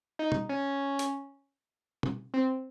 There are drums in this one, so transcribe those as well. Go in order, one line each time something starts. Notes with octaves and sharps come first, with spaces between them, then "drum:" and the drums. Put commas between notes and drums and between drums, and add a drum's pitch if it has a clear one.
D#4
drum: tom B2
C#4
drum: hi-hat
drum: tom B2
C4